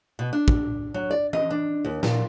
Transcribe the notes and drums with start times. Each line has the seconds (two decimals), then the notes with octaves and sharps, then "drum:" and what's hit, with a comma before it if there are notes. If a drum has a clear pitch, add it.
0.19 B2
0.33 D4
0.48 drum: kick
0.94 F#3
1.11 D5
1.33 D#5, drum: tom E3
1.50 D4
1.85 D#2
2.03 A#2, drum: snare